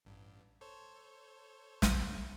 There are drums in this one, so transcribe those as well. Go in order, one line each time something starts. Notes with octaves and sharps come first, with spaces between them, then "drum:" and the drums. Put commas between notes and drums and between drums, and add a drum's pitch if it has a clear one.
A1 G2
A4 C5 C#5
drum: snare